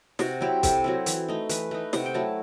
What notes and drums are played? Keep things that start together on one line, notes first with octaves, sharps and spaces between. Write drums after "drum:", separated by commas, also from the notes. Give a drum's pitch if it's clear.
C3 F#4, drum: snare
F#3 C4 E4 G4
C3 A4, drum: kick, hi-hat
F#3 C4 E4
E3, drum: hi-hat
A3 D#4
E3 B4, drum: hi-hat
A3 D#4
C3 F#5, drum: snare
G5
F#3 A3 E4 A5